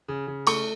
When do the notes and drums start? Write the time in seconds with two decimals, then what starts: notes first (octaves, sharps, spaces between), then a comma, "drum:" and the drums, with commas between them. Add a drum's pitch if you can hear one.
0.08 C#3
0.27 C#3
0.47 A3 C#6, drum: cymbal